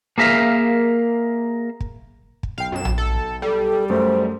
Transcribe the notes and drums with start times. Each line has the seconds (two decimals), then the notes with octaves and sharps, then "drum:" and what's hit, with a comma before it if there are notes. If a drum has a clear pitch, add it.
0.18 A#3 G#4 A#4 E5 F5
1.80 drum: kick
2.43 drum: kick
2.58 B1 F5 G5
2.72 F#2 E7
2.85 drum: tom A#1
2.98 A4
3.42 G3 A4
3.90 F#2 A3 C5